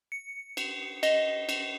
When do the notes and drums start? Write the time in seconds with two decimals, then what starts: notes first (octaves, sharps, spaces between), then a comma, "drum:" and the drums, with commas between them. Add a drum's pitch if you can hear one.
0.12 C#7
0.57 drum: cymbal
1.03 D#5, drum: cymbal
1.49 drum: cymbal